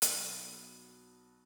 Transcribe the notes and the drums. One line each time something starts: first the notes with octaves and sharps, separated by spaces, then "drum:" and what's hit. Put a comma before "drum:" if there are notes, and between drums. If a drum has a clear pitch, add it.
B1 B2 B3 F#4, drum: hi-hat